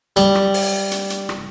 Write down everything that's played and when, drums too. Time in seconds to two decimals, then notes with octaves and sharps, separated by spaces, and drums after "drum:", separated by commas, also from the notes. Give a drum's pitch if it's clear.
0.16 G3, drum: hi-hat
0.35 drum: rim click
0.54 drum: open hi-hat
0.91 drum: hi-hat
1.10 drum: hi-hat
1.29 drum: rim click